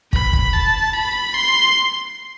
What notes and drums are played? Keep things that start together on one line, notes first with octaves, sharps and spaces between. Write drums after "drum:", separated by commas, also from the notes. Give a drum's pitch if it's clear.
B5, drum: kick
drum: kick
A5
B5
C6